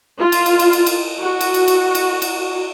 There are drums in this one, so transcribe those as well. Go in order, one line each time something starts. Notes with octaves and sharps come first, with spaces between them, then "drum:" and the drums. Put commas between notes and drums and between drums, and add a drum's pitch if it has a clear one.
F4
drum: cymbal
drum: cymbal
drum: cymbal
drum: cymbal
drum: cymbal
F#4
drum: cymbal
drum: cymbal
drum: cymbal
drum: cymbal
drum: cymbal